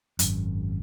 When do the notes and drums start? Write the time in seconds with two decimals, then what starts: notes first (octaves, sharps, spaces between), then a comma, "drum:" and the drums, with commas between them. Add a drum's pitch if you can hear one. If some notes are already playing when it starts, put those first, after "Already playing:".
0.19 G#1 F#2, drum: hi-hat